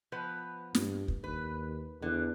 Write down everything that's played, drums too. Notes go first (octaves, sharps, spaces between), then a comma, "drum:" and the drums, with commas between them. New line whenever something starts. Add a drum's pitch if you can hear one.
F3 B3 B4
G2, drum: snare
drum: kick
D#2 B4
E2 D3